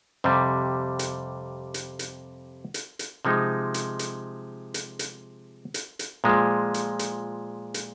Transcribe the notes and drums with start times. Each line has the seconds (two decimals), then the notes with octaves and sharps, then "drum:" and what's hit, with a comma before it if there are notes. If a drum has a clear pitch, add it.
0.24 F2 C3 G3
0.99 drum: hi-hat
1.74 drum: hi-hat
1.99 drum: hi-hat
2.74 drum: hi-hat
2.99 drum: hi-hat
3.25 C3 F3 G#3 D#4
3.74 drum: hi-hat
3.99 drum: hi-hat
4.74 drum: hi-hat
4.99 drum: hi-hat
5.74 drum: hi-hat
5.99 drum: hi-hat
6.24 A#2 F3 G#3
6.74 drum: hi-hat
6.99 drum: hi-hat
7.74 drum: hi-hat